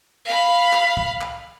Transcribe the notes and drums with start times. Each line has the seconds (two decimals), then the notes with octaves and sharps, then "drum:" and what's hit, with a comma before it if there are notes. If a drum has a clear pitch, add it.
0.25 F5 B5
0.73 drum: clap
0.97 drum: kick
1.21 drum: clap